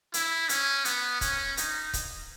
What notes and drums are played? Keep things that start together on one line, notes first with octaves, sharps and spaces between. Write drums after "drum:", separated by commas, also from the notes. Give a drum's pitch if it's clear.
E4, drum: hi-hat
C#4, drum: hi-hat
B3, drum: hi-hat
C#4, drum: kick, hi-hat
D#4, drum: hi-hat
drum: kick, hi-hat